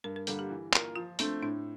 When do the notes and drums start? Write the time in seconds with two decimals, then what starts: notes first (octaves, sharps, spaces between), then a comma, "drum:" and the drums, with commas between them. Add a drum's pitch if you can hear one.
0.04 G2 A#4
0.16 A#4
0.27 D3 G3 A#3 A4, drum: hi-hat
0.39 G4
0.50 E3
0.73 A#3 F4 A#4 F5, drum: clap
0.96 F3 F4
1.19 A3 C4 D4, drum: hi-hat
1.42 A2 D4